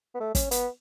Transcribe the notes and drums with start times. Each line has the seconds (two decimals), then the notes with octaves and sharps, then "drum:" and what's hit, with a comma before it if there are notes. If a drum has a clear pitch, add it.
0.15 B3
0.21 A3
0.35 C#4, drum: kick, hi-hat
0.51 B3, drum: hi-hat